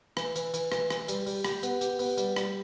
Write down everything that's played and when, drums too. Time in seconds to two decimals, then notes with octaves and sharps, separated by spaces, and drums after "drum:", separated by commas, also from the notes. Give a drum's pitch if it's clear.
0.17 E3, drum: rim click
0.36 E3, drum: hi-hat
0.54 E3, drum: hi-hat
0.72 E3, drum: rim click
0.90 E3, drum: rim click
1.08 G3, drum: hi-hat
1.27 G3, drum: open hi-hat
1.45 G4, drum: rim click
1.63 B3, drum: hi-hat
1.81 G4, drum: hi-hat
1.99 B3, drum: open hi-hat
2.18 G3, drum: hi-hat
2.36 G3, drum: rim click